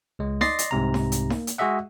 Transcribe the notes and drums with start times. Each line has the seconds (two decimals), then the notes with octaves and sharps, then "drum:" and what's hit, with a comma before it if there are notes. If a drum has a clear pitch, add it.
0.19 C#2 G#3
0.41 D5 D#5 C6 A6 A#6 C7, drum: snare D#4
0.59 drum: hi-hat
0.71 C2 G#2 C3 A#5
0.94 drum: snare D#4
1.12 drum: hi-hat
1.30 A#3, drum: snare D#4
1.47 drum: hi-hat
1.58 G#3 F#4 G#4 D#5 E5 F#5